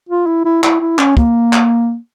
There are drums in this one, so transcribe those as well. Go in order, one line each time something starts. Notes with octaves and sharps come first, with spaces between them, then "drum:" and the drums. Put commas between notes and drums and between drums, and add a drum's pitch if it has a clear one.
F4
E4
E4
E4, drum: clap
E4
C#4, drum: clap
A#3, drum: kick
drum: clap